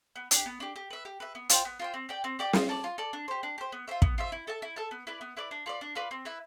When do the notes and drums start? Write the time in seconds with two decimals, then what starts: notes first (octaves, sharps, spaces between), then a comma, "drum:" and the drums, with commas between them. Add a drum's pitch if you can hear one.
0.16 B3
0.31 D4 G4, drum: hi-hat
0.46 B3
0.60 D4 G4
0.76 G4
0.90 B4 E5
1.05 G4
1.20 B4 E5
1.35 B3
1.49 F4 C5 G5, drum: hi-hat
1.65 B3
1.79 F4 C5 G5
1.94 C4
2.09 G4 D5 G5
2.24 C4
2.39 G4 D5 G5
2.53 F4, drum: snare
2.69 A4 D5
2.84 F4
2.98 A4 D5
3.13 D4
3.28 G4 C5
3.43 D4
3.58 G4 C5
3.72 B3
3.87 F4 C5 E5
4.02 B3, drum: kick
4.18 F4 C5 E5
4.32 E4
4.47 A4 E5 A5
4.62 E4
4.76 A4 E5 A5
4.91 B3
5.07 E4 B4 D5
5.21 B3
5.37 E4 B4 D5
5.51 D4
5.66 F4 B4 D5
5.81 D4
5.95 F4 B4 D5
6.11 C4
6.25 E4 B4 E5